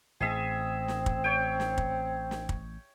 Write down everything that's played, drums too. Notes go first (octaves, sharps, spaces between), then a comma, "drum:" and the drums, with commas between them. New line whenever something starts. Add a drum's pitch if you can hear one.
A1 A2 C4 G#4 D#5 E5
drum: snare
drum: kick
C#5 G5
drum: snare
drum: kick
drum: snare
drum: kick